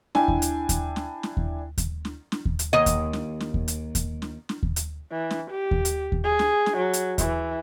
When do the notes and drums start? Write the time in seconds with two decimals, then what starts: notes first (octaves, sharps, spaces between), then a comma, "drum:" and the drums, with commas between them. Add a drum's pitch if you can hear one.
0.15 D4 E4 G5 G#5, drum: snare
0.28 drum: kick D#2
0.42 drum: hi-hat
0.69 drum: kick D#2, hi-hat
0.96 drum: snare
1.23 drum: snare
1.37 drum: kick D#2
1.78 drum: kick D#2, hi-hat
2.05 drum: snare
2.32 drum: snare
2.45 drum: kick D#2
2.59 drum: hi-hat
2.73 D#2 D#5
2.86 drum: kick D#2, hi-hat
3.13 drum: snare
3.40 drum: snare
3.54 drum: kick D#2
3.68 drum: hi-hat
3.95 drum: kick D#2, hi-hat
4.22 drum: snare
4.49 drum: snare
4.63 drum: kick D#2
4.76 drum: hi-hat
5.11 E3
5.31 drum: snare
5.51 G4
5.71 drum: kick D#2
5.85 drum: hi-hat
6.12 drum: kick D#2
6.24 G#4
6.39 drum: snare
6.66 drum: snare
6.77 F#3
6.93 drum: hi-hat
7.18 E3, drum: kick D#2, hi-hat